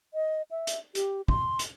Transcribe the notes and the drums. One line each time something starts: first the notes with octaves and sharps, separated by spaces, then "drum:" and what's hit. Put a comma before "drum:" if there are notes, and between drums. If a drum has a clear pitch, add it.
D#5
E5
drum: hi-hat
G4, drum: hi-hat
C6, drum: kick
drum: hi-hat